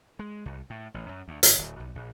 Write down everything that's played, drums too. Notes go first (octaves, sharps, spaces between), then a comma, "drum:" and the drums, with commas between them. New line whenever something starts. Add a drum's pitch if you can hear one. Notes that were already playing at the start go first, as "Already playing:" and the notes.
G#3
C2
A2
A1
F#2
D2
G#1, drum: hi-hat
D1
B1
A#1